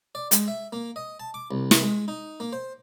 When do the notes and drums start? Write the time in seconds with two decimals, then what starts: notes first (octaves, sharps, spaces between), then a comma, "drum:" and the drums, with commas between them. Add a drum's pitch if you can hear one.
0.15 D5
0.31 G#3, drum: hi-hat
0.48 E5
0.73 A#3
0.96 D#5
1.20 A5
1.34 D6
1.51 C2
1.71 drum: snare
1.83 G#3
2.08 D#4
2.40 A#3
2.53 C5